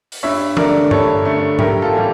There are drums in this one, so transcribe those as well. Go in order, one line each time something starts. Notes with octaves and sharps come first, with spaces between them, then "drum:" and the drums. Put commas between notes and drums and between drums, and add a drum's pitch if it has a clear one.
drum: open hi-hat
G2 C#5 E5
D3 A3 A#4 D5, drum: tom E3
G2 A4 C#5, drum: tom G2
D3 A3
A2 G4 A#4, drum: tom G#2
F4 A4
E3 G3